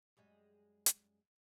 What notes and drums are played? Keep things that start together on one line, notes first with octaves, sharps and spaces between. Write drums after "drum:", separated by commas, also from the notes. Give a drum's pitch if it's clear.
F#2 G3 G#3
drum: hi-hat